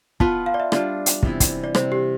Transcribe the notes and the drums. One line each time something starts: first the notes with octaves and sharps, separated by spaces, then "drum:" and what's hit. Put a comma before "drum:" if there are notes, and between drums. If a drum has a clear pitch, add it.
B3 F4 B4 A5, drum: kick
F5
D5
E5
G3 D4 F4 D5, drum: rim click
drum: hi-hat
C3 E3 B3 E4, drum: kick
drum: kick, hi-hat
D5
C3 G3 C4 C5, drum: rim click
G4